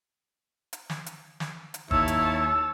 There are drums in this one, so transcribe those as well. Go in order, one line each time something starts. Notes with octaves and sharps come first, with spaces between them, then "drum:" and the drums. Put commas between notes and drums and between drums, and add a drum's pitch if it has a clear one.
drum: hi-hat
drum: snare
drum: hi-hat
drum: snare
drum: hi-hat
D#2 E4 C#5 A5 E6, drum: kick
drum: hi-hat